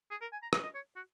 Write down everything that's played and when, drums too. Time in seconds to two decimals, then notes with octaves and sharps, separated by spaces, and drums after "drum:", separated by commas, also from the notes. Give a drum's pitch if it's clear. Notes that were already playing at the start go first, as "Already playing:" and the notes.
0.11 G#4
0.21 A#4
0.32 G#5
0.43 A#5
0.53 A#5, drum: rim click
0.63 D#5
0.75 C#5
0.96 F#4